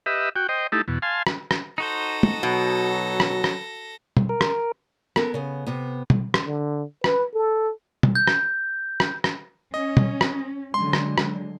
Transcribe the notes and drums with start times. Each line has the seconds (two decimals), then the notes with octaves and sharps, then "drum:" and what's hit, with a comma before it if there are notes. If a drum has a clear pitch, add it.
0.06 G4 B4 D#5 E5
0.36 F#4 G5
0.49 C5 D#5 G5
0.72 A3 D#4 E4 G4 A4
0.88 E2 B2
1.02 F5 G#5 A5 C6
1.27 drum: rim click
1.51 drum: rim click
1.78 D#4 F#4 A4 C5 A#6
2.23 drum: tom
2.43 B2 F#3
3.20 drum: rim click
3.44 drum: rim click
4.17 drum: tom B2
4.29 A#4
4.41 drum: rim click
5.16 B3 A4 A#4, drum: rim click
5.34 C#3 B3
5.67 C3 B3
6.10 drum: tom B2
6.34 drum: rim click
6.46 D3
7.04 B4, drum: rim click
7.34 A4
8.03 drum: tom B2
8.15 G6
8.27 drum: rim click
9.00 drum: rim click
9.24 drum: rim click
9.74 C#4 D#5
9.97 drum: tom B2
10.21 drum: rim click
10.74 D3 F#3 G#3 C6
10.93 drum: rim click
11.18 drum: rim click